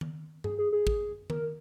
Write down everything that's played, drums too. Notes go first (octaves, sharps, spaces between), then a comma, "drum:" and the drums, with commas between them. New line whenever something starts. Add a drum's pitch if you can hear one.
drum: tom D#3
G#4, drum: tom G2
G#4
G#4
drum: kick
A#4, drum: tom D#3